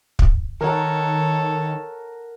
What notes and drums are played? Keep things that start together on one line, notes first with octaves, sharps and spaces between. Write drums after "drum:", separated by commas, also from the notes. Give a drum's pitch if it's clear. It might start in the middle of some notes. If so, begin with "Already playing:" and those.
drum: kick
D#3 A4 A#4 C#5 F#5